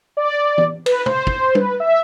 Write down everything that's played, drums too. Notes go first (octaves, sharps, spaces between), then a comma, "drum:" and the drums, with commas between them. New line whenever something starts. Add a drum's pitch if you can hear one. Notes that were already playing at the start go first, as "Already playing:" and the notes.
D5
drum: tom E3
B4, drum: cymbal
C5, drum: tom
drum: kick
B4, drum: tom
E5